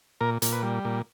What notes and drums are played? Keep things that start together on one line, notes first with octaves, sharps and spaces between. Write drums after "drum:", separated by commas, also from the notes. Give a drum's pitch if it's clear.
A#2 A#4
A#2, drum: hi-hat
B4
G3
A#2